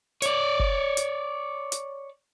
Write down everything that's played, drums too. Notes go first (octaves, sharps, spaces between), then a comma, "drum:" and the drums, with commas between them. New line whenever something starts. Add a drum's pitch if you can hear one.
C#5 D5, drum: hi-hat
drum: kick
drum: hi-hat
drum: hi-hat